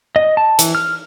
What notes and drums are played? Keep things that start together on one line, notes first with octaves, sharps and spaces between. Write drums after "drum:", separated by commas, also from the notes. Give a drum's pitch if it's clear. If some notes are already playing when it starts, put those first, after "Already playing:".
D#5
A5
E3, drum: hi-hat
F6